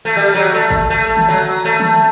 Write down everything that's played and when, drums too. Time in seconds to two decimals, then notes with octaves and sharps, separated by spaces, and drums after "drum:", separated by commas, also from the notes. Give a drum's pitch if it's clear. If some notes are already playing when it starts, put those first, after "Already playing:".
0.05 A3, drum: tambourine
0.17 G3
0.34 F#3
0.54 A3
0.71 drum: kick
0.90 A3
1.17 drum: tom C#3
1.28 F#3
1.65 A3
1.80 drum: tom